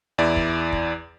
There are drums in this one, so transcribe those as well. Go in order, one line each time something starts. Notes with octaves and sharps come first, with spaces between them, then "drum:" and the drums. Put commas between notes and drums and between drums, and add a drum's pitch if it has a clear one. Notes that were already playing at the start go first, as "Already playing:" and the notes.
E2 E4 D5
drum: kick
drum: kick